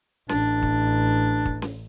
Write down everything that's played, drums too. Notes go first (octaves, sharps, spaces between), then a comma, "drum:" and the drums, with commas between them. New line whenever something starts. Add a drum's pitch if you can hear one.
A1 D4, drum: snare C#4
drum: kick
drum: kick
drum: snare C#4